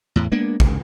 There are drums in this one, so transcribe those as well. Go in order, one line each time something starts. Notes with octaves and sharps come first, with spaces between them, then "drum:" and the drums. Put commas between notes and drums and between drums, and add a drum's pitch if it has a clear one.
E2 A2
G#3 A#3 B3 D4
C#2, drum: kick